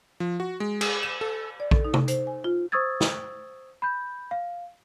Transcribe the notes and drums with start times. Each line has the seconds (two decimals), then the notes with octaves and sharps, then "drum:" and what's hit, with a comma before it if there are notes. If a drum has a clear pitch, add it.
0.20 F3
0.40 F#4
0.60 G#3
0.81 G#4, drum: cymbal
1.03 E7
1.21 A4
1.60 D5
1.71 A4, drum: kick
1.85 D#4
1.94 drum: tom C3
2.08 C5, drum: hi-hat
2.27 G#5
2.44 F4
2.72 C5 C#6 D#6 E6 G#6 A6
3.01 drum: snare
3.82 B5 G6
4.31 F5